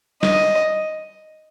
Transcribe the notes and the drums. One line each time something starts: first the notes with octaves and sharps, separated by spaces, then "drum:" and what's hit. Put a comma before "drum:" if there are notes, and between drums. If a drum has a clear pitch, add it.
D#5, drum: snare